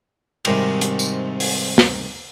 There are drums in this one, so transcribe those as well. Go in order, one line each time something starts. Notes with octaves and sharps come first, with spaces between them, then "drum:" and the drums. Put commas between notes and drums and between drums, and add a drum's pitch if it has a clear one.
G#2 C3 D#3 G3 G#3, drum: cymbal
drum: hi-hat
drum: tambourine
drum: open hi-hat
drum: snare